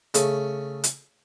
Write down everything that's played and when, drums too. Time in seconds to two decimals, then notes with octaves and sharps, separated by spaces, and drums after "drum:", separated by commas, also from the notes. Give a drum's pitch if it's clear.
0.14 C#3 A3, drum: hi-hat
0.84 drum: hi-hat